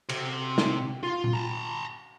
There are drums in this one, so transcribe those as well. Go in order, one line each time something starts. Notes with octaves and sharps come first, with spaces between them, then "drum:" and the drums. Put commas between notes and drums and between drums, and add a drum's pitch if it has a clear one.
C3, drum: cymbal
drum: snare
F4
drum: tom A#2
A5 A#5